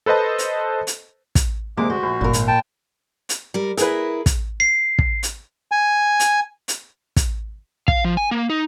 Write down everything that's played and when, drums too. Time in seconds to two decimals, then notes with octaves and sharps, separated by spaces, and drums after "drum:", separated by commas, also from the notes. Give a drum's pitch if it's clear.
0.06 A4 B4 C5 D#5 A5
0.39 drum: hi-hat
0.87 drum: hi-hat
1.35 drum: kick, hi-hat
1.77 D2 C3 G#3 A#3 D6
1.90 F#4 C5
2.03 A#1
2.21 G1 A#2 A#4
2.33 G#1, drum: hi-hat
2.48 G5 A5
3.29 drum: hi-hat
3.54 G3 A#4
3.77 E4 G#4 A#4 B4, drum: hi-hat
4.26 drum: kick, hi-hat
4.60 C7
4.99 drum: kick
5.23 drum: hi-hat
5.72 G#5
6.20 drum: hi-hat
6.68 drum: hi-hat
7.16 drum: kick, hi-hat
7.88 F5, drum: kick
8.05 F3
8.17 G#5
8.31 A#3
8.50 D#4